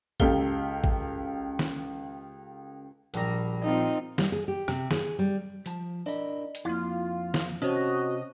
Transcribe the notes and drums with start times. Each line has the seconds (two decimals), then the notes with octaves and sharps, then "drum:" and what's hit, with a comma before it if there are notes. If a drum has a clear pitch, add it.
0.20 C#2 G4 A4 F5 G7, drum: kick
0.84 drum: kick
1.59 drum: snare
3.14 A#1 G3 A#5, drum: hi-hat
3.63 C4 D#4 F4
4.18 G3, drum: snare
4.32 G#4
4.48 G4
4.68 C3, drum: rim click
4.91 G#4, drum: snare
5.19 G3
5.66 F3 A5, drum: hi-hat
6.06 D4 E4 A#4 D5 D#5
6.55 drum: hi-hat
6.65 F2 A#3 E4 F4
7.34 drum: snare
7.62 C3 C4 C#4 F#4 C5 C#5 D#5 A5